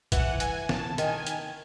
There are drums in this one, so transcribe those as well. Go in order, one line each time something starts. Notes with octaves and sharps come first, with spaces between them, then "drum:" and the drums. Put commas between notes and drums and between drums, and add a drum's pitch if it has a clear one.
E3 F#5, drum: kick A#1, hi-hat
G#5, drum: hi-hat
A5, drum: snare
D#3 G#5, drum: hi-hat
drum: hi-hat